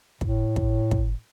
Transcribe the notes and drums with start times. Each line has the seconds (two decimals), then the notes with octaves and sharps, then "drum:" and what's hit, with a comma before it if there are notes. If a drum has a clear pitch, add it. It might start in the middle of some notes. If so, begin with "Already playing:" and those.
0.21 A2, drum: kick
0.56 drum: kick
0.91 drum: kick